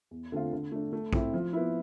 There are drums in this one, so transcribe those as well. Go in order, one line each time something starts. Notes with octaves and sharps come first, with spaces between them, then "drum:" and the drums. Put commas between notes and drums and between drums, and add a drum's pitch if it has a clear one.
E2
D3 A3 C4 F4
D3
A3 D4
A3
C4 E4, drum: kick A#1
F3
B3 E4